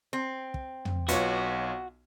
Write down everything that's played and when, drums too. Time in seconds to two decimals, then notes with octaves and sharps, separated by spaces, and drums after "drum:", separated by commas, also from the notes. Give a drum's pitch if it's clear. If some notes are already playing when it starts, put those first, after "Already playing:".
0.13 C4
0.54 drum: kick
0.85 drum: tom
1.08 B1 B3 F4 F#4 C#5 D6, drum: hi-hat